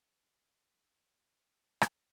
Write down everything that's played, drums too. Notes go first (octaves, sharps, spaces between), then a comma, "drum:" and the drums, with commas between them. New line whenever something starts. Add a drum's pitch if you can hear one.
C2 A#2 G3 D4 G4
G2 D#3 A#3 F4 A4
drum: rim click